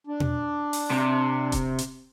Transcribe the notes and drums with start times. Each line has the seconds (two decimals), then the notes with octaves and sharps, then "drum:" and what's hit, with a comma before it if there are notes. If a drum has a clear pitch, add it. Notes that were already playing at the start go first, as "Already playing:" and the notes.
0.07 D4
0.20 drum: tom B2
0.73 drum: open hi-hat
0.91 C3
1.52 drum: kick D#1, hi-hat
1.78 drum: hi-hat